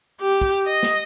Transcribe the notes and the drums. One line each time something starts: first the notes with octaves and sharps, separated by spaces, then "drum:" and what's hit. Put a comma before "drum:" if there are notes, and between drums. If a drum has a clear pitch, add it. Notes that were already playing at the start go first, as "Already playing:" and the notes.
G4
drum: kick
D#5
drum: snare